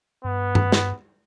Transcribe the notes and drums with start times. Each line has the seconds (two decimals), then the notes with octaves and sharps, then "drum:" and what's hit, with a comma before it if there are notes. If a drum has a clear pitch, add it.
0.24 G2 B3
0.55 drum: tom G2
0.72 drum: snare